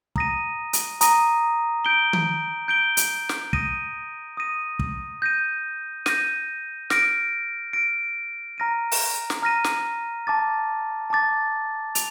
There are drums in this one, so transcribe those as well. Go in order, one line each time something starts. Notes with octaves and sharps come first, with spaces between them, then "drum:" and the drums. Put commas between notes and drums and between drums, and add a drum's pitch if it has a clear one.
A#5 D#6 A#6 D#7, drum: kick
drum: hi-hat
A#5 D#6 A#6 D#7, drum: hi-hat
G6 D7 G7
drum: tom D#3
G6 D7 G7
drum: hi-hat
drum: snare
D#6 A#6 D#7, drum: kick
D#6 A#6 D#7
drum: kick
G6 A#6 D#7
G6 A#6 D#7, drum: snare
F6 A#6 D7, drum: snare
F6 A#6 D7
A#5 F6 A#6 D#7
drum: open hi-hat
drum: snare
A#5 F6 A#6 D#7
drum: snare
A5 D6 A6
A5 D6 A6
F7, drum: hi-hat